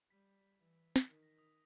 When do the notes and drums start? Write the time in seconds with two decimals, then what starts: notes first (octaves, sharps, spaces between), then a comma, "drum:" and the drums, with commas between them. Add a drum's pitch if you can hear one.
0.10 G3 B6
0.59 E3
0.96 drum: snare
1.06 D#3 B6
1.23 A#6
1.38 D#6